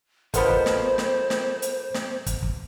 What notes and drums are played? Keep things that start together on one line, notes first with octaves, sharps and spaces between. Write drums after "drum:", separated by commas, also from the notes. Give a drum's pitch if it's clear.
B2 B3 F4 A4 A#4 C5 B5, drum: kick, hi-hat
drum: kick
drum: snare
drum: snare
drum: snare
drum: hi-hat
drum: snare
drum: kick, hi-hat
drum: kick